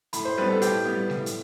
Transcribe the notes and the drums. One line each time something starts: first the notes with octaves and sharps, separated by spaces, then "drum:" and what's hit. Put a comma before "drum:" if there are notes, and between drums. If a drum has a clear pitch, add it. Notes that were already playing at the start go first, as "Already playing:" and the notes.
A2 B5, drum: hi-hat
C5
G3 B3 B4
A4
A2 G4, drum: hi-hat
G3 B3
A2, drum: snare G3
drum: hi-hat